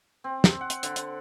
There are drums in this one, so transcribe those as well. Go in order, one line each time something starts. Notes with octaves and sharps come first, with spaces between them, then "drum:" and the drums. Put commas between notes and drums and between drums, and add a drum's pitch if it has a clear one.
C4
drum: snare
F#5
drum: hi-hat
D3, drum: hi-hat
drum: hi-hat